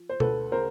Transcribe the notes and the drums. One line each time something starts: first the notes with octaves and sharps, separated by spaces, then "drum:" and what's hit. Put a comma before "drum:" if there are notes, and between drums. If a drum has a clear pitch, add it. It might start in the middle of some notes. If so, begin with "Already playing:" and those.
Already playing: F3
C5
D2 A4 B4, drum: tom B2
C#3 A#4 C5